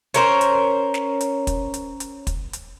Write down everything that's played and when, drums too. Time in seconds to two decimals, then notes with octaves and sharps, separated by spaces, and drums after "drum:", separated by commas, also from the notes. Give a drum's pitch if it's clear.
0.14 C#4 A#4 C5, drum: hi-hat
0.41 drum: hi-hat
0.94 drum: snare
1.21 drum: hi-hat
1.47 drum: kick, hi-hat
1.74 drum: hi-hat
2.00 drum: hi-hat
2.27 drum: kick, hi-hat
2.53 drum: hi-hat